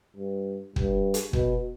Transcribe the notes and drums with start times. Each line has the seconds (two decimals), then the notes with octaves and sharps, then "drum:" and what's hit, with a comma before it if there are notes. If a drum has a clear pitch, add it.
0.17 G2
0.76 G2, drum: kick
1.14 drum: hi-hat
1.33 B2, drum: kick